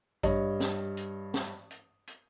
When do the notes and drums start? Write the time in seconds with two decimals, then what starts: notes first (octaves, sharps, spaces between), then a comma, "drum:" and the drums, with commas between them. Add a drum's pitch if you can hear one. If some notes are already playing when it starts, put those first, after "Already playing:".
0.23 G2 C#5 D#5, drum: kick G#1, hi-hat
0.60 drum: snare
0.97 drum: hi-hat
1.34 drum: snare
1.71 drum: hi-hat
2.07 drum: hi-hat